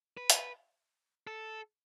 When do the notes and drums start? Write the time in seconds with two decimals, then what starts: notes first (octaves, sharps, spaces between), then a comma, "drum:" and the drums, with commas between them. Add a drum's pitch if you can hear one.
0.17 B4
0.30 drum: hi-hat
1.27 A4